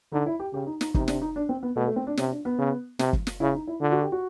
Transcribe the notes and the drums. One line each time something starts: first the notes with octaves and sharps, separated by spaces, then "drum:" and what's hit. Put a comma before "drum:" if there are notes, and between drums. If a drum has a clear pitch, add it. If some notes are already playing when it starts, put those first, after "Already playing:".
D3 D#4
E4
G4
C#3 G4
D#4
D#4, drum: snare
C3 D#4, drum: kick F#1
D4, drum: snare
D#4
D4
C4
B3
B2 A3
A3
C4
D4
C3 C#4, drum: snare
D4
B3
C#3
C3, drum: snare
drum: kick F#1
drum: snare
C#3 E4
D#4
E4
D3 F4
F#4
G4
F#4